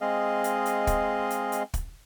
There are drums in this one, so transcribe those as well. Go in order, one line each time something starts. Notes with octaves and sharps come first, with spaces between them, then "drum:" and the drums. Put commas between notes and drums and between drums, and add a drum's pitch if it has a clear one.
G#3 C4 G#4 D#5 F5
drum: hi-hat
drum: hi-hat
drum: kick, hi-hat
drum: hi-hat
drum: hi-hat
drum: kick, hi-hat